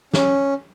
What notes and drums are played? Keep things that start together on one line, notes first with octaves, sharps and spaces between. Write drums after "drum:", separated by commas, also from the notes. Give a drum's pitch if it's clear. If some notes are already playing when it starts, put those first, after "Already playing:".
C#4, drum: snare